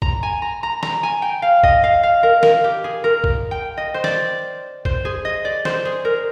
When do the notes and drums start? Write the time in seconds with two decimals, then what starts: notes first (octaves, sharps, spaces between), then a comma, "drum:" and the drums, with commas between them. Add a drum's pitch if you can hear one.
0.02 A#5, drum: kick
0.23 G#5
0.42 A#5
0.63 A#5
0.83 A#5, drum: snare
1.03 G#5
1.22 G5
1.42 F5
1.64 D#5, drum: kick
1.84 F5
2.03 F5
2.23 A#4
2.43 A#4, drum: snare
2.64 G4
2.84 G#4
3.04 A#4
3.24 drum: kick
3.51 G5
3.77 D#5
3.94 C5
4.04 D5, drum: snare
4.85 C5, drum: kick
5.05 G#4
5.25 D#5
5.45 D5
5.65 C5, drum: snare
5.85 G#4
6.05 A#4